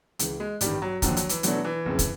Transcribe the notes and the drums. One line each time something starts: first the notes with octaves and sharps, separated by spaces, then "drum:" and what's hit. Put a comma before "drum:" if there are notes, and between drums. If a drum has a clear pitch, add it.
C#2 C#3 E3, drum: hi-hat
G#3
A1 G2 D#3 G3, drum: hi-hat
F#3
D#2 D3 F3 F#3, drum: kick, hi-hat
F#3, drum: hi-hat
E3, drum: hi-hat
B2 E3 F#3 A3 D4, drum: hi-hat
E3
F#1 F2 C#3
drum: kick, hi-hat